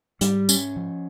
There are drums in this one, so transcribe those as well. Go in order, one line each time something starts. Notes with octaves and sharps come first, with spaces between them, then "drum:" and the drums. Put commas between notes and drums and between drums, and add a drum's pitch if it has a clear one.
G#2 G3, drum: hi-hat
C#4, drum: tambourine
F3